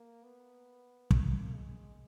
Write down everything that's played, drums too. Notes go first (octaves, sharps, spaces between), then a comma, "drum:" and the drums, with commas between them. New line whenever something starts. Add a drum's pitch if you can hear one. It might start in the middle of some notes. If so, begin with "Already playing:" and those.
Already playing: A#3
B3
A#3, drum: kick
G#3